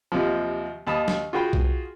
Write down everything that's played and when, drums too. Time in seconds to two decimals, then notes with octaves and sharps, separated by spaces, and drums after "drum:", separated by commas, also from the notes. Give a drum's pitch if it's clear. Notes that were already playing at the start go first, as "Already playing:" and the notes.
0.12 D#2 C3 F3
0.87 D#2 A5 B5 D#6
1.08 drum: snare
1.33 F4 F#4 G#4 G5 B5
1.53 drum: kick B1